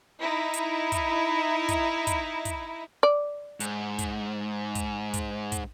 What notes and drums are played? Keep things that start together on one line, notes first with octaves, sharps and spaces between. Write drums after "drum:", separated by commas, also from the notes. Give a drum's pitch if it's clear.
D#4 E4
drum: hi-hat
drum: kick, hi-hat
drum: kick, hi-hat
drum: kick, hi-hat
drum: kick, hi-hat
D5
G#2, drum: hi-hat
drum: kick, hi-hat
drum: kick, hi-hat
drum: kick, hi-hat
drum: kick, hi-hat